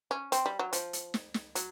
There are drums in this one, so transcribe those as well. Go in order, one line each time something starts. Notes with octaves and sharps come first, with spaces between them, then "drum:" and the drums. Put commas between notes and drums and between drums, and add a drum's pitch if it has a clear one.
C#4
C4, drum: hi-hat
G3
F#3
F3, drum: hi-hat
drum: hi-hat
drum: snare
drum: snare
F#3, drum: hi-hat